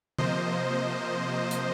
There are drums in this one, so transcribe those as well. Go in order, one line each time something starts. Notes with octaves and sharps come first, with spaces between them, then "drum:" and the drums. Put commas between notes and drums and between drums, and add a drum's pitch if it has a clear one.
C3 F3 A#3 C5 D#5, drum: tom D3
drum: hi-hat